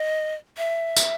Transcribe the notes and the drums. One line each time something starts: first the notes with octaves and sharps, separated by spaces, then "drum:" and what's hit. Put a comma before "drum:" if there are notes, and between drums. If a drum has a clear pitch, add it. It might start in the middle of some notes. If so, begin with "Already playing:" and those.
Already playing: D#5
E5
drum: tambourine